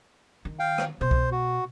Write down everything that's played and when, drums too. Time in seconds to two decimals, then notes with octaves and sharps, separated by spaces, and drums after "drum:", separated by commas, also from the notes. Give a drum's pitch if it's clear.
0.45 D#3
0.59 F5 G5
0.78 drum: rim click
1.01 B2 C5
1.11 drum: kick C2
1.32 F#4